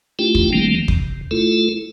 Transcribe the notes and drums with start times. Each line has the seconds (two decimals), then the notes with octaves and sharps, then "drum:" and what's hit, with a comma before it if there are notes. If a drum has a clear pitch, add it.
0.19 A3 D4 E4 F4 G4 G5
0.35 drum: kick
0.53 D#3 F3 G3 A3 A#3 C4
0.88 C3, drum: kick
1.31 A3 E4 F4 A4